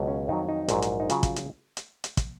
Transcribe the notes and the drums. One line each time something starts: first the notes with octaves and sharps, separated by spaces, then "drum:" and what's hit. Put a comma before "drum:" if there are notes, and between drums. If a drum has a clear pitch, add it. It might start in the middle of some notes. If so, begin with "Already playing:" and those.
Already playing: C#2 B2 F#3
C#4
F2 D#3 F#3 D#4
D#4
A#1 G#2 F#3, drum: hi-hat
drum: hi-hat
D#4
C#3 F#3 F4, drum: hi-hat
drum: kick, hi-hat
drum: hi-hat
drum: hi-hat
drum: hi-hat
drum: kick, hi-hat